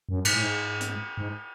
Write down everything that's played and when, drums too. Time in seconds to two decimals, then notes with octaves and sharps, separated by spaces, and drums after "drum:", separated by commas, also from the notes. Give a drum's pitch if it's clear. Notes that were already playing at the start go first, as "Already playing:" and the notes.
0.09 F#2
0.25 G#2, drum: cymbal
0.34 A2
0.43 G#2
0.81 drum: hi-hat
1.17 G#2